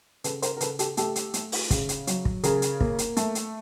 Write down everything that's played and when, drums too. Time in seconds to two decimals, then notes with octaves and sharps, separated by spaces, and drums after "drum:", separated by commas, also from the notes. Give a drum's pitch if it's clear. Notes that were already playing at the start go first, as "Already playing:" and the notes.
0.24 C#3 A4 B4, drum: hi-hat
0.42 A#4 C5, drum: hi-hat
0.57 A#4
0.60 C#3 A4 B4, drum: hi-hat
0.79 G4 A4, drum: hi-hat
0.97 A3 G4 A4, drum: hi-hat
1.16 drum: hi-hat
1.34 A3, drum: hi-hat
1.52 drum: open hi-hat
1.70 C#3, drum: kick, hi-hat
1.89 drum: hi-hat
2.07 F#3, drum: hi-hat
2.25 drum: kick
2.43 C#3 G#4 A#4, drum: hi-hat
2.62 drum: hi-hat
2.81 A#3, drum: kick
2.98 drum: hi-hat
3.17 A3, drum: hi-hat
3.35 drum: hi-hat